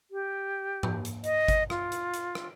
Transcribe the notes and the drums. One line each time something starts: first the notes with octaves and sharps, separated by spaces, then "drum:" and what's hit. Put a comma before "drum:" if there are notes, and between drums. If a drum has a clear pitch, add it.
G4
drum: tom G#2
drum: hi-hat
D#5, drum: hi-hat
drum: kick G#1, hi-hat
F4, drum: rim click
drum: hi-hat
drum: hi-hat
drum: rim click